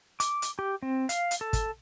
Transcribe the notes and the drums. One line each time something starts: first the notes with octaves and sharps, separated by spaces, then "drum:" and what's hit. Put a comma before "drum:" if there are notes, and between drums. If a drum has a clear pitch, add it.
D6, drum: hi-hat
drum: hi-hat
G4
C4
F5, drum: hi-hat
drum: hi-hat
A4
drum: kick, hi-hat